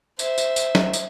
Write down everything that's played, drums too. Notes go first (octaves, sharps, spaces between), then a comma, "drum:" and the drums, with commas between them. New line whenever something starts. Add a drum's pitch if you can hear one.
C5 E5, drum: tambourine
drum: tambourine
drum: tambourine
drum: snare
drum: tambourine